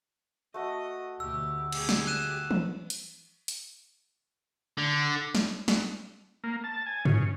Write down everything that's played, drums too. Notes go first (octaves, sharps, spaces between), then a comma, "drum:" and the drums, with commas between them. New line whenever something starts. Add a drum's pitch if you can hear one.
A3 F#4 D#5
D2 B2 G4 E6
G4 G#4, drum: cymbal
drum: snare
F#6 D#7 E7
drum: tom E3
drum: hi-hat
drum: hi-hat
D3
drum: snare
drum: snare
A#3
A5
G#5
C#3, drum: tom G2